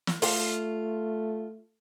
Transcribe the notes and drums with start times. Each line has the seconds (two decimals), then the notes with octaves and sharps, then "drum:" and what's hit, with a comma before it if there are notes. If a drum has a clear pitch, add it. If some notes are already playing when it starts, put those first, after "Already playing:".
0.07 drum: snare
0.22 A3 F4, drum: open hi-hat